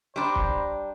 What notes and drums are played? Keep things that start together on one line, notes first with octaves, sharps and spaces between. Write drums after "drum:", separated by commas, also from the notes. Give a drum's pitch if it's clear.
G3 D4 C5 A#5 B5
drum: kick